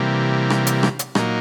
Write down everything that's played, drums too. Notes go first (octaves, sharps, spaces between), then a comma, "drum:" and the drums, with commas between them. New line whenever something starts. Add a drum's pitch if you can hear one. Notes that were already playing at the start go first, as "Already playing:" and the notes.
Already playing: C3 E3 G3 A#3
drum: rim click
drum: hi-hat
drum: rim click
drum: hi-hat
A#2 F#3 A#3 D#4, drum: rim click